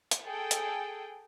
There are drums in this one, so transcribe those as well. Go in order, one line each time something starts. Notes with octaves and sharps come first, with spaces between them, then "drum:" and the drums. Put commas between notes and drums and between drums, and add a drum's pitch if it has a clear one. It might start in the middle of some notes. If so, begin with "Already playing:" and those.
drum: hi-hat
G#4 A4 G5
drum: hi-hat